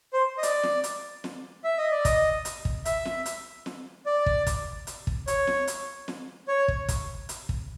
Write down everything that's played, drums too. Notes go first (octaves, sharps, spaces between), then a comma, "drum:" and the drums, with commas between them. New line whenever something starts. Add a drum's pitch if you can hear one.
C5
D#5
D5, drum: hi-hat
drum: snare
drum: hi-hat
drum: snare
E5
D#5
D5
D#5, drum: kick, hi-hat
drum: hi-hat
drum: kick
E5, drum: hi-hat
drum: snare
drum: hi-hat
drum: snare
D5
drum: kick
drum: kick, hi-hat
drum: hi-hat
drum: kick
C#5, drum: hi-hat
drum: snare
drum: hi-hat
drum: snare
C#5
drum: kick
drum: kick, hi-hat
drum: hi-hat
drum: kick